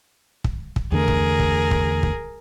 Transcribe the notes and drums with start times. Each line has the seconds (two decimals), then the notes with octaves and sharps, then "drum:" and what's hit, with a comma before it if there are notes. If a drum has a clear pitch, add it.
0.44 drum: kick
0.76 drum: kick
0.92 E2 D3 A3 G#4 A#4
1.08 drum: kick
1.40 drum: kick
1.71 drum: kick
2.03 drum: kick